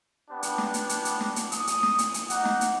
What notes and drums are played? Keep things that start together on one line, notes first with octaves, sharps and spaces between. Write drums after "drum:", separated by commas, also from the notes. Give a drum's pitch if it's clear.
B3 D4 G4
drum: hi-hat
drum: snare
drum: hi-hat
drum: hi-hat
drum: hi-hat
drum: snare
drum: hi-hat
D#6, drum: hi-hat
drum: hi-hat
drum: snare
drum: hi-hat
drum: hi-hat
D#4 F#5 D6, drum: hi-hat
drum: snare
drum: hi-hat